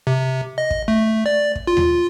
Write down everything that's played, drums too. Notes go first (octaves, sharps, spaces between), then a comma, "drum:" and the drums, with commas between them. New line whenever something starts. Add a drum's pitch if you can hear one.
C3
D#5
drum: kick
A3
D5
drum: kick
F4
drum: tom D#2